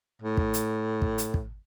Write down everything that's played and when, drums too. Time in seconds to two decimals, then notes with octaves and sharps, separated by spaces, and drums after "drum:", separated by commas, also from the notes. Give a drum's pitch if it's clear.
0.22 A2
0.37 drum: kick
0.54 drum: hi-hat
1.02 drum: kick
1.18 drum: hi-hat
1.34 drum: kick